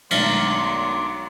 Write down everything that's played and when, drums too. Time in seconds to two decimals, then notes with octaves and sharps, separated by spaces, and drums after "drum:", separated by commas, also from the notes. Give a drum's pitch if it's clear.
0.11 B1 D#3 F#3 G#3 A3 D4 C6 D6, drum: cymbal